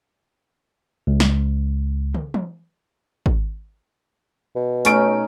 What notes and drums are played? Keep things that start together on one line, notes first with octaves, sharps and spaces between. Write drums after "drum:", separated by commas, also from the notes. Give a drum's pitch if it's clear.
C#2
drum: snare
drum: tom
drum: tom
drum: kick G#1
B2
A3 C#4 D#4 D7, drum: hi-hat